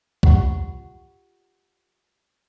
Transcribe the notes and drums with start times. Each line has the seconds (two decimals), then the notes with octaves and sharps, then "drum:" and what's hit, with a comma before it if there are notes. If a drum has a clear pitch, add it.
0.23 F4 G4 F#5 B5 C#6, drum: kick C2